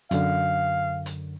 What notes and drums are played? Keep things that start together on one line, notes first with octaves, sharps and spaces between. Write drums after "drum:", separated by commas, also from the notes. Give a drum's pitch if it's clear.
F#2 D3 F5, drum: hi-hat
drum: hi-hat